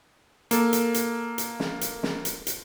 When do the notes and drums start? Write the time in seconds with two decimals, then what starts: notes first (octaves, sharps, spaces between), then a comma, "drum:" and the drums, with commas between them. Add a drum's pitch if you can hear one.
0.51 A#3 A4, drum: hi-hat
0.73 drum: hi-hat
0.94 drum: hi-hat
1.38 drum: hi-hat
1.60 drum: snare
1.81 drum: hi-hat
2.03 drum: snare
2.25 drum: hi-hat
2.47 drum: hi-hat